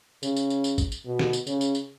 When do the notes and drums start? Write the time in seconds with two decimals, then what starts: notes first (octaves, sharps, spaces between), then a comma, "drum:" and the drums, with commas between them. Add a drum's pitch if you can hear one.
0.23 C#3, drum: tambourine
0.36 drum: tambourine
0.50 drum: tambourine
0.64 drum: tambourine
0.78 drum: kick, tambourine
0.92 drum: tambourine
1.06 B2
1.19 drum: snare
1.33 drum: tambourine
1.47 C#3, drum: tambourine
1.61 drum: tambourine
1.75 drum: tambourine